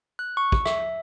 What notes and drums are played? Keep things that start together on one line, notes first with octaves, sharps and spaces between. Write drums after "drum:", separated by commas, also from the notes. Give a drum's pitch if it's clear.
F#6
C#6
drum: kick
E5, drum: rim click